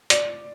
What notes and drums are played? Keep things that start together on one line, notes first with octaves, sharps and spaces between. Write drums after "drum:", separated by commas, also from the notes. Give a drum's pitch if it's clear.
D5, drum: hi-hat